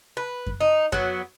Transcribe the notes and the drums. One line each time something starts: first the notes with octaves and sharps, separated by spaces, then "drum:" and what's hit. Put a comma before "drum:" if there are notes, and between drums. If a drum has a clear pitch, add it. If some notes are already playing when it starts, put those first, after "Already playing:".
B4
drum: kick F#2
D#4
F#3 B3, drum: kick F#2